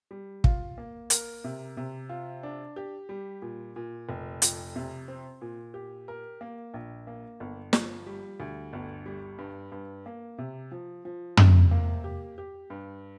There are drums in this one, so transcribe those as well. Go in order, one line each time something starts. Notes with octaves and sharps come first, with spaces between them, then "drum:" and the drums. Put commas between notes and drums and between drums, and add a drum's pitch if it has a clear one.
G3
F4, drum: kick
A#3
A#4, drum: hi-hat
C3
C3
F4
D4
G4
G3
A#2
A#2
F1
F2, drum: hi-hat
C3
C4
A#2
G4
A#4
A#3
A#1
A#3
G1
F3, drum: snare
G3
D2
G1
G3
G2
G2
A#3
C3
F3
F3
C3, drum: tom
A#3
G4
G4
G2